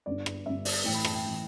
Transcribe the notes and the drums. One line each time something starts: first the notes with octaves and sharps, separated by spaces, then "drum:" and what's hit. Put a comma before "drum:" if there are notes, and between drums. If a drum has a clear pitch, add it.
G1 G2 D3 D5
drum: rim click
G1 G2 D3 E5
D5, drum: open hi-hat
A1 A2 E3 G5
B5
A5, drum: rim click
G5
A2 E3